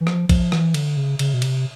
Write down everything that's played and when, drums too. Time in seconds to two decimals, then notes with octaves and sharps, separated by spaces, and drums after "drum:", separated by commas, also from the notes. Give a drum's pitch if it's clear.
0.01 E3
0.07 F3, drum: rim click
0.29 F3, drum: kick A#1, cymbal
0.52 E3, drum: rim click
0.74 D3, drum: cymbal
0.97 C#3
1.19 C#3, drum: cymbal
1.34 B2
1.42 C3, drum: cymbal